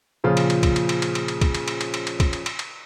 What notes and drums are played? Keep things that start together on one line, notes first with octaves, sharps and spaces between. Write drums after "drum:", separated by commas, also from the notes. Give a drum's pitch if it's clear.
A#2 C#3 F3 F4
drum: cymbal
drum: cymbal
drum: kick, cymbal
drum: cymbal
drum: cymbal
drum: cymbal
drum: cymbal
drum: cymbal
drum: kick, cymbal
drum: cymbal
drum: cymbal
drum: cymbal
drum: cymbal
drum: cymbal
drum: kick, cymbal
drum: cymbal
drum: cymbal
drum: cymbal